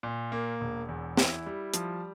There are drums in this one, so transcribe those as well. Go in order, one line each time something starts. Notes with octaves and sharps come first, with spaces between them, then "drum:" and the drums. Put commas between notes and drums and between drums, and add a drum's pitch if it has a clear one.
A#2
A#3
E1
E2
E4, drum: snare
G3
F3, drum: hi-hat